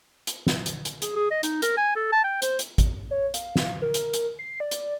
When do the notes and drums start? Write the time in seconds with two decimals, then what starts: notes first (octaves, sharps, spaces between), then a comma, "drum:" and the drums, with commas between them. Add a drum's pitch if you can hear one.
0.27 drum: hi-hat
0.47 drum: snare
0.66 drum: hi-hat
0.85 drum: hi-hat
1.02 G#4, drum: hi-hat
1.16 G#4
1.31 D#5
1.43 D#4, drum: hi-hat
1.62 A#4, drum: hi-hat
1.77 G#5
1.96 A4
2.12 A5
2.24 G5
2.42 C5, drum: hi-hat
2.59 drum: hi-hat
2.78 drum: kick, hi-hat
3.11 C#5
3.34 F5, drum: hi-hat
3.56 drum: snare
3.82 A#4
3.94 drum: hi-hat
4.13 drum: hi-hat
4.39 C7
4.60 D5
4.71 drum: hi-hat